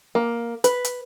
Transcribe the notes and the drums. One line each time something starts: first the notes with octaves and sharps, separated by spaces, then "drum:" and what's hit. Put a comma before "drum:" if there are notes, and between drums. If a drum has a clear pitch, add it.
A#3
B4, drum: hi-hat
drum: hi-hat